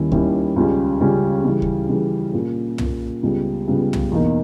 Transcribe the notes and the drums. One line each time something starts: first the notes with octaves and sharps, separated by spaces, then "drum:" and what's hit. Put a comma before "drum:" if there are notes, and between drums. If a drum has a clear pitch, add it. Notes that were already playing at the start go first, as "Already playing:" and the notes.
Already playing: D#2 D#3 G3 C#4 E4
D#2 D#3 G3 C#4 E4, drum: kick D2
C#2 C#3 G3 C#4
C#2 C#3 G3 C#4
C#3 E3 G3
drum: kick D2
C#3 E3 G3
A#2 A#3 C#4
A#2 A#3 C#4, drum: tom
C#2 C#3 G3 B3
C#2 C#3 G3 B3
drum: tom
E2 B2 A#3 D#4